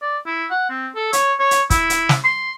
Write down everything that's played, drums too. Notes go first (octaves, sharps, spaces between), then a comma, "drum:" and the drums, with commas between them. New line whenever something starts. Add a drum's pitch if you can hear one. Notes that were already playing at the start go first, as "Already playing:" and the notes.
D5
E4
F#5
C4
A4
C#5, drum: hi-hat
C#5
drum: hi-hat
E4, drum: kick, hi-hat
drum: hi-hat
drum: snare
C6